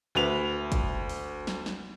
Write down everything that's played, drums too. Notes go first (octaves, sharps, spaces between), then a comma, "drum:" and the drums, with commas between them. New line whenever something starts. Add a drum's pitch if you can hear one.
D2 B4 F7
drum: kick, hi-hat
drum: open hi-hat
drum: snare
drum: snare